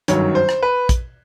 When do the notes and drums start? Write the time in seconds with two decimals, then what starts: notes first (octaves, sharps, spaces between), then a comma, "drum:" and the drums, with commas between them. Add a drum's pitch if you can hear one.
0.08 G1 F#2 D#3 F#3 C#5, drum: hi-hat
0.35 C5
0.49 drum: rim click
0.63 B4
0.89 drum: kick, hi-hat